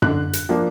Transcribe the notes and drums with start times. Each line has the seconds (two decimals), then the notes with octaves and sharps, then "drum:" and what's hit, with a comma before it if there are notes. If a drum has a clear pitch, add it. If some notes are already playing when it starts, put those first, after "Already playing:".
0.02 D3 F#6, drum: tom F#2
0.33 drum: hi-hat
0.49 F3 A#3 D4